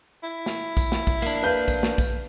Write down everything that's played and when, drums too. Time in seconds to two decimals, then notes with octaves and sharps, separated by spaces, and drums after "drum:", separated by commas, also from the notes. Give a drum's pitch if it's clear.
0.23 E4
0.46 drum: snare
0.77 drum: kick, tambourine
0.92 drum: snare
1.07 drum: kick
1.22 A#3 D4
1.43 B4 F5 G6
1.68 drum: kick, tambourine
1.83 drum: snare
1.98 drum: kick, tambourine